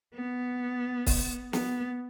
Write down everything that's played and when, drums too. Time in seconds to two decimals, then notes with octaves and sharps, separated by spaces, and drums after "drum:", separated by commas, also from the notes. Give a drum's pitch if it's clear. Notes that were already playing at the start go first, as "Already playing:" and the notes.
0.15 B3
1.07 drum: kick C#1, open hi-hat
1.53 B3, drum: snare